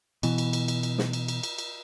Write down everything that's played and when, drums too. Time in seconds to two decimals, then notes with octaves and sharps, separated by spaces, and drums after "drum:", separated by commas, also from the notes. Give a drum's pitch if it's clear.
0.23 B2 E3, drum: cymbal
0.38 drum: cymbal
0.53 drum: cymbal
0.68 drum: cymbal
0.83 drum: cymbal
0.98 drum: snare
1.13 drum: cymbal
1.28 drum: cymbal
1.43 drum: cymbal
1.58 drum: cymbal